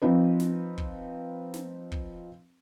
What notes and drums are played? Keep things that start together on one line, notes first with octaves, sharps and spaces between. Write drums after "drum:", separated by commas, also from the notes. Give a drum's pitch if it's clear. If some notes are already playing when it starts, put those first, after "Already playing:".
F3 C4 D#4 B4
drum: snare
drum: kick
drum: snare
drum: kick